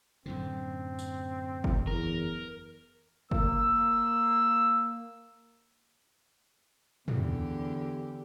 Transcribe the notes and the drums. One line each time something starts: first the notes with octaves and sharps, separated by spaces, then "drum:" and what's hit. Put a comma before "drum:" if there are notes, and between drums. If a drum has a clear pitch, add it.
F#2 A2 D3 C4
drum: tambourine
drum: kick F#1
E2 A#4
A#3 E6, drum: kick F#1
E2 D3 G4, drum: tom